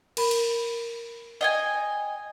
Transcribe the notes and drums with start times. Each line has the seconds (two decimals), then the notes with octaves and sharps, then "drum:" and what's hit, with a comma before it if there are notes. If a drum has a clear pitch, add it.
0.17 A#4 B5, drum: cymbal
0.31 drum: cymbal
1.41 D#5 G5 G#5